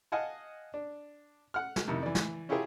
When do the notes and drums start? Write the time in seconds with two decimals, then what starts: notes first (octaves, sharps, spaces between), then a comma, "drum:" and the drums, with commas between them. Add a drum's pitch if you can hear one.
0.12 D#5 F5 F#5 G#5 A5
0.74 D4
1.54 F#5 F6
1.76 drum: snare
1.88 F2 C3 D#3 E4
2.03 E3 D5
2.15 drum: snare
2.49 C#4 E4 F4 G4 G#4 A#4